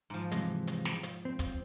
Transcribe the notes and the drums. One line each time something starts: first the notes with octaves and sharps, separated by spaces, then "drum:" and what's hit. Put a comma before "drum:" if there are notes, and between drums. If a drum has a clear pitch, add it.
G#2 F3
C3 E3 G#3, drum: hi-hat
drum: hi-hat
drum: snare
drum: hi-hat
C4
drum: kick, hi-hat